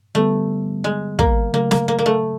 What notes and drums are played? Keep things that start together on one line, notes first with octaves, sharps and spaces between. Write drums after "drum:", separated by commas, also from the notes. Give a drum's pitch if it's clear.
D3 G3 A3 B3
G#3
A#3, drum: kick
C#3 F#3 A3 A#3
A#3, drum: snare
A#3
A#3
A3